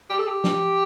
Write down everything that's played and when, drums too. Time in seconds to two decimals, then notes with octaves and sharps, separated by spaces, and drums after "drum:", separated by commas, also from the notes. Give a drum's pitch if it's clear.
0.10 G4
0.18 A4
0.27 G4
0.44 drum: snare